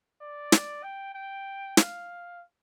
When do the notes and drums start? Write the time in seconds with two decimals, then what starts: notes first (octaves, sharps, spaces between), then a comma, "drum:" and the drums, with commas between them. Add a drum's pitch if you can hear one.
0.21 D5
0.52 drum: snare
0.83 G5
1.14 G5
1.77 F5, drum: snare